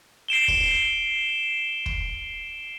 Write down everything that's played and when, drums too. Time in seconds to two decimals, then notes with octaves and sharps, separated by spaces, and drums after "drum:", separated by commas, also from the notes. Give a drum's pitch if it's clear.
0.28 C7 D7 E7 G7
0.48 drum: kick
1.86 drum: kick